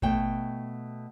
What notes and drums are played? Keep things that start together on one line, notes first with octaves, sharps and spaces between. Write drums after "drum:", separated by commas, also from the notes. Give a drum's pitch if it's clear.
B2 A3 G5, drum: kick G#1